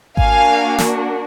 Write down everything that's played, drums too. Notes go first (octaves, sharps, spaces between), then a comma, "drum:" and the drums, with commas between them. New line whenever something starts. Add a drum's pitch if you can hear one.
A#3 D4 F#4 F5 G#5, drum: kick G#1
drum: snare